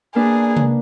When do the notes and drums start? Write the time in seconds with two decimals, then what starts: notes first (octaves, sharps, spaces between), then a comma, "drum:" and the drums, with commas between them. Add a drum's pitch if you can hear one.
0.15 A#3 D4 G#4 B4
0.57 drum: tom C3